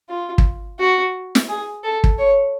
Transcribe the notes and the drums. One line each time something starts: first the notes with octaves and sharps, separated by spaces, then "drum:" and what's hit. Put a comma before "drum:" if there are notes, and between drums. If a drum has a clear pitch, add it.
F4
drum: kick
F#4
drum: snare
G#4
A4
drum: kick
C#5